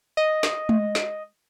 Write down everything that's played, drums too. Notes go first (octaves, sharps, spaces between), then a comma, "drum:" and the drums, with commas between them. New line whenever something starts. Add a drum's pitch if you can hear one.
D#5
drum: snare
drum: tom G#3
drum: snare